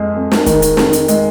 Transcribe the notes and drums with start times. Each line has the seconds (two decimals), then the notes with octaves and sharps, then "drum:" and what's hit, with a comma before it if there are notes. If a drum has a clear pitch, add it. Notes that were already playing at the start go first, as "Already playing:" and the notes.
Already playing: F2 G#3
0.16 F2
0.32 drum: snare
0.46 D#3, drum: kick, hi-hat
0.62 drum: hi-hat
0.77 F2, drum: snare
0.93 drum: hi-hat
1.08 G#3, drum: hi-hat